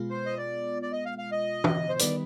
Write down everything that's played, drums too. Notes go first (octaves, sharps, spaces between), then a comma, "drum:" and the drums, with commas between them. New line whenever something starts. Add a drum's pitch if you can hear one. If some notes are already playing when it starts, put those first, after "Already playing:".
Already playing: B2 G#3 B3 F4
C5
D#5
D5
D5
D#5
F5
F5
D#5
drum: tom
C5
D#3 G3 B3 D#4 B4 D5, drum: hi-hat